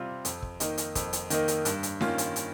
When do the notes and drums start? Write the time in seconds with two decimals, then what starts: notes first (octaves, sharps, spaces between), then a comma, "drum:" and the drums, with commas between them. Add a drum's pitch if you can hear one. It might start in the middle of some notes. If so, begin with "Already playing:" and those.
Already playing: C3 G3 C4 F4
0.25 F2, drum: hi-hat
0.42 drum: kick
0.60 D#3 A#3 D#4, drum: hi-hat
0.78 drum: hi-hat
0.95 F2, drum: kick, hi-hat
1.13 drum: hi-hat
1.30 D#3 A#3 D#4, drum: hi-hat
1.48 drum: hi-hat
1.65 G2, drum: hi-hat
1.83 drum: hi-hat
2.01 D#3 A#3 C#4 F4, drum: snare D4
2.18 drum: hi-hat
2.36 drum: hi-hat